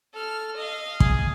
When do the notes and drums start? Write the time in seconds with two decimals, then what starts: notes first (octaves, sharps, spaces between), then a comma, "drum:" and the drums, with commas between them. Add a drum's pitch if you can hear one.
0.14 A4 F6
0.56 D#5 F5
1.00 G#4, drum: kick